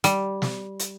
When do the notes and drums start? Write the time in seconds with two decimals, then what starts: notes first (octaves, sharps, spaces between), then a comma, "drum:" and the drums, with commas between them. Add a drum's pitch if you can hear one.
0.04 G3, drum: hi-hat
0.42 drum: snare
0.79 drum: hi-hat